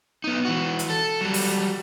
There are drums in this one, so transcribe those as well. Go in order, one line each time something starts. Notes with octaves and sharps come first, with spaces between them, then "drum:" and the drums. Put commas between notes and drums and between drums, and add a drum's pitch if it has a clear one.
B3 D#4
E3 F#4
drum: hi-hat
A4
F#3 G3
drum: open hi-hat